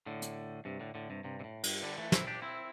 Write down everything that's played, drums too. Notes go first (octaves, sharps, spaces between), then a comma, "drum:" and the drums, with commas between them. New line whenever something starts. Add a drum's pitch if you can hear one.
A2 D3
drum: hi-hat
G2 C3
A2 D3
A2 D3
G2 C3
G2 C3
C3
A2
G2, drum: cymbal
D3 G3
E3 A3
C4 E4, drum: snare
D4 G4
C4 E4